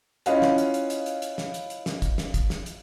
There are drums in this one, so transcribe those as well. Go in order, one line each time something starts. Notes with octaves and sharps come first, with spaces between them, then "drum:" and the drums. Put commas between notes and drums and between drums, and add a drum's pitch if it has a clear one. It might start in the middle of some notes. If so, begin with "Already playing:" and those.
C#4 E4 F4 D#5 F5 F#5, drum: hi-hat
drum: snare
drum: hi-hat
drum: hi-hat
drum: hi-hat
drum: hi-hat
drum: hi-hat
drum: snare
drum: hi-hat
drum: hi-hat
drum: snare
drum: kick, hi-hat
drum: snare
drum: kick, hi-hat
drum: snare
drum: hi-hat